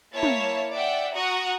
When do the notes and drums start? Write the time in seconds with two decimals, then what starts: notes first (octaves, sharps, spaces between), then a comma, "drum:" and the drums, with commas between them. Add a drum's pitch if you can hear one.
0.14 A#3 E4 C#5 A5
0.23 drum: tom
0.72 D5 E5 F#5 G5
1.15 F#4 F#5 A#5 C#6 D#6 F#6